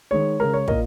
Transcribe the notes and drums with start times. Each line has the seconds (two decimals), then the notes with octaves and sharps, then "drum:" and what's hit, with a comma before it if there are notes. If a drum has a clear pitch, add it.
0.11 D#3 G#3 C#5
0.40 C#3 G#3 A#4
0.53 C#5
0.68 A#2 A#3 A#4 D#5, drum: kick